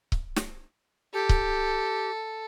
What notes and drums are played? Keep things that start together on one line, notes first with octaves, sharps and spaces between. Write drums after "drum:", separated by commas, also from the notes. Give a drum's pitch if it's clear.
drum: kick C#1
drum: snare
G4 A4
drum: kick C#1